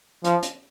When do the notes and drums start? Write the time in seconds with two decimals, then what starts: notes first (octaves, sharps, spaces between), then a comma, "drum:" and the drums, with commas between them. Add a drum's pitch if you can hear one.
0.24 F3, drum: hi-hat
0.43 drum: hi-hat